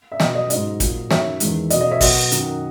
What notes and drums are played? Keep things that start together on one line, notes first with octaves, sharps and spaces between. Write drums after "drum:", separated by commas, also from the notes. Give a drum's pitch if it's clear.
E5
B2 F#3 D#5, drum: snare
D#5
G#2 F#3 D#5, drum: hi-hat
A#2 F#3, drum: kick, hi-hat
F#2 D#3 F#3 C#5 E5, drum: snare
E2 D#3 G#3, drum: hi-hat
B2 F#3 D#5, drum: hi-hat
D#5
C#5 E5
B2 F#3 D#5 F#5, drum: kick, open hi-hat
F#2 D#3 F#3, drum: hi-hat